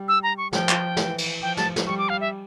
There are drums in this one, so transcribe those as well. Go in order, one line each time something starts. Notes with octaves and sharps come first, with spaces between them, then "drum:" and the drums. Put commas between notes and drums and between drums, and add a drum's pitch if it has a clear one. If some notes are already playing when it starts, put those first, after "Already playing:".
Already playing: G3
E6
A#5
C#6
F3 G5, drum: snare
drum: clap
E3, drum: snare
drum: cymbal
F3 G5
A5, drum: snare
drum: snare
G3 C#6
D6
F5
E5